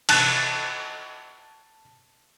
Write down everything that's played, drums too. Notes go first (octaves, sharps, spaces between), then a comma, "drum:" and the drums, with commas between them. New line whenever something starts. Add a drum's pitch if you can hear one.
A5 F#6 A6, drum: cymbal